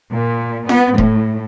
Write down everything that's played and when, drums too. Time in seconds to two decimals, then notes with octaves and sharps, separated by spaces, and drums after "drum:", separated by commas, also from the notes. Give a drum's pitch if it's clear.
0.13 A#2
0.69 B3, drum: snare F4
0.98 A2, drum: kick D#1